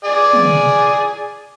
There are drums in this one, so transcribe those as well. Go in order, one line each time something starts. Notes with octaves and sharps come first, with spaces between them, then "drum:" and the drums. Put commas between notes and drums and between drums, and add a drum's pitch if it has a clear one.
G#4 D5 G#5
drum: tom